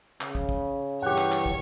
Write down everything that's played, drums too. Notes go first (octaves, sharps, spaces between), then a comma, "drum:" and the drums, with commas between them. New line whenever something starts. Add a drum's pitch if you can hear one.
C#3, drum: clap
drum: kick
drum: kick
G2 E3 G4 C#5 F#5 C#6
drum: clap
drum: clap
drum: kick